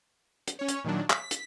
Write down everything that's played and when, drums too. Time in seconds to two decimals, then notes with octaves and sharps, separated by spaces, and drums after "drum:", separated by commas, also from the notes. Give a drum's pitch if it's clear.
0.48 drum: hi-hat
0.59 C#4 C#5
0.68 drum: hi-hat
0.84 A#2 D#3 F#3 D4
1.10 B6, drum: clap
1.31 drum: hi-hat